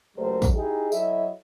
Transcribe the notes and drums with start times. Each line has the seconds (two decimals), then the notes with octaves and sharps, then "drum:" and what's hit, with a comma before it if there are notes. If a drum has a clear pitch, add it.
0.17 C#2 F#3 G3 A3 A#4 C5
0.42 drum: kick, tambourine
0.54 D#4 E4 G4 G#4
0.92 F#3 E4 A4 D#5 E5, drum: tambourine